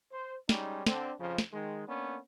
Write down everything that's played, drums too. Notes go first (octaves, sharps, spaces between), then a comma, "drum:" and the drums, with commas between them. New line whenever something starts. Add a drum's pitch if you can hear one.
C5
G3 G#3 C#4 D#4, drum: snare
D3 C4, drum: snare
F2 C#3 F3
drum: snare
D#3 G#3
A#3 B3 C#4 D4